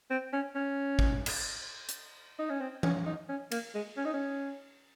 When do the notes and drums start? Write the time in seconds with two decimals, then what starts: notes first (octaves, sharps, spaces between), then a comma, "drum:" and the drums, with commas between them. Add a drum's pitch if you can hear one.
0.10 C4
0.33 C#4
0.55 C#4
0.99 drum: kick
1.26 drum: cymbal
1.89 drum: hi-hat
2.39 D#4
2.50 C#4
2.60 C4
2.83 C#4, drum: tom E3
3.06 D#4
3.29 C#4
3.52 A#3, drum: cymbal
3.74 G#3
3.97 C#4
4.05 D#4
4.14 C#4